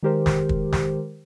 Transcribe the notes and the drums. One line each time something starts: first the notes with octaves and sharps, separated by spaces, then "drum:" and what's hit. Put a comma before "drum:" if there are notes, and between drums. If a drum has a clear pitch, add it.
D#3 G#3 G4 A#4 C5
drum: snare
drum: kick
drum: snare